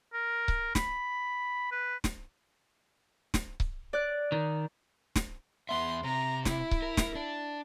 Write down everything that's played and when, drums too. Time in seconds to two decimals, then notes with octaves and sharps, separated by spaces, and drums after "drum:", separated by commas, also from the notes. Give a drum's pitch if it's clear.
0.13 A#4
0.48 drum: kick C#1
0.75 B5, drum: snare
1.72 B4
2.04 drum: snare
3.34 drum: snare
3.60 drum: kick C#1
3.93 D5 F#6
4.32 D#3
5.16 drum: snare
5.69 E2 B3 E5 C6
6.04 C3 A#5
6.45 E4, drum: snare
6.71 drum: kick C#1
6.82 A#4
6.97 drum: snare
7.15 D4